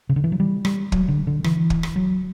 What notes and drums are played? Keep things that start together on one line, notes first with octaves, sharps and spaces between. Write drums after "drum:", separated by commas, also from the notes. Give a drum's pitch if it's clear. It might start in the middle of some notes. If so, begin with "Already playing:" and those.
C#3
D3
E3
F#3
G3
G3, drum: rim click
F#3, drum: kick
D3
D3
E3, drum: rim click
drum: kick
drum: rim click
F#3